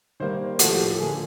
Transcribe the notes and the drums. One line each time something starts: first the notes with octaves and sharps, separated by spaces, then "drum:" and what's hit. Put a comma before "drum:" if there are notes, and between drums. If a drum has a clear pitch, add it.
D#3 G3 A#3 C5
A2 F3 A3 F#4, drum: hi-hat
G4
G4
A4
D3 F3 A#3 G#4